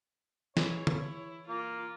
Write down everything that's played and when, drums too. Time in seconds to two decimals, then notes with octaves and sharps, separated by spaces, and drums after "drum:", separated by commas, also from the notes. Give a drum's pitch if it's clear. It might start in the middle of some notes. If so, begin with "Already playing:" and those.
0.57 E3 E4 G#4 C#5, drum: snare
0.87 E4, drum: tom
1.48 A#3 F4